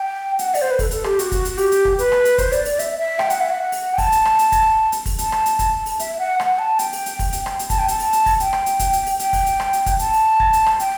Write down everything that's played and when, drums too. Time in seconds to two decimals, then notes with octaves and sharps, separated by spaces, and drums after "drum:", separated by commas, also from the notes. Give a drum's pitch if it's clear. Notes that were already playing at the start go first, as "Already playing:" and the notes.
Already playing: G5
0.39 F#5, drum: hi-hat
0.54 D5, drum: open hi-hat
0.62 C5
0.71 B4
0.79 A4, drum: kick, open hi-hat
0.91 A4, drum: hi-hat
1.04 G4, drum: rim click
1.19 F#4, drum: hi-hat
1.32 drum: kick, hi-hat
1.45 drum: hi-hat
1.58 G4, drum: open hi-hat
1.72 drum: hi-hat
1.85 drum: kick
1.99 B4, drum: hi-hat
2.12 drum: rim click
2.25 drum: hi-hat
2.38 C5, drum: kick, hi-hat
2.52 D5, drum: hi-hat
2.65 D5, drum: open hi-hat
2.79 E5, drum: hi-hat
2.98 E5
3.19 G5, drum: rim click
3.30 F#5, drum: hi-hat
3.40 E5
3.50 F#5
3.72 drum: open hi-hat
3.94 G5
3.98 A5, drum: kick, open hi-hat
4.12 drum: hi-hat
4.25 drum: rim click
4.39 drum: hi-hat
4.52 drum: kick, hi-hat
4.92 drum: hi-hat
5.06 drum: kick, open hi-hat
5.19 A5, drum: hi-hat
5.32 drum: rim click
5.46 drum: hi-hat
5.59 drum: kick, hi-hat
5.86 drum: open hi-hat
5.99 E5, drum: hi-hat
6.19 F#5
6.40 F#5, drum: rim click
6.59 A5
6.79 G5, drum: hi-hat
6.93 drum: open hi-hat
7.06 drum: hi-hat
7.19 drum: kick, open hi-hat
7.33 drum: hi-hat
7.46 drum: rim click
7.59 drum: hi-hat
7.70 A5, drum: kick, hi-hat
7.79 G5
7.88 A5, drum: hi-hat
7.99 drum: open hi-hat
8.13 drum: hi-hat
8.26 drum: kick, open hi-hat
8.40 G5, drum: hi-hat
8.53 drum: rim click
8.66 drum: hi-hat
8.79 drum: kick, hi-hat
8.93 drum: hi-hat
9.06 drum: open hi-hat
9.19 G5, drum: hi-hat
9.33 drum: kick, open hi-hat
9.46 drum: hi-hat
9.60 drum: rim click
9.73 drum: hi-hat
9.86 drum: kick, hi-hat
9.99 A5, drum: hi-hat
10.13 drum: open hi-hat
10.40 drum: kick
10.53 drum: hi-hat
10.66 drum: rim click
10.80 G5, drum: hi-hat